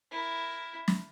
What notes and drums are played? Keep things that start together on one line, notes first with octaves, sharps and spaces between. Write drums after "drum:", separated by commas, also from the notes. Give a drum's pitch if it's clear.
E4 A#4
drum: snare